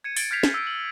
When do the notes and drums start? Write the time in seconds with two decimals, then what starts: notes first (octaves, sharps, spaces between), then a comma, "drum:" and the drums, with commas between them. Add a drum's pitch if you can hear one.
0.04 G#6 C#7 D#7
0.17 A6 D7, drum: open hi-hat
0.31 F6 G6 G#6 B6 C7 F7
0.43 drum: snare
0.54 E6 D7
0.67 F#7